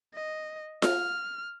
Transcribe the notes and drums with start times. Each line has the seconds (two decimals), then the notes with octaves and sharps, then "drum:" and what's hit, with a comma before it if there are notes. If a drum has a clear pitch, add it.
0.14 D#5
0.82 F6, drum: snare F4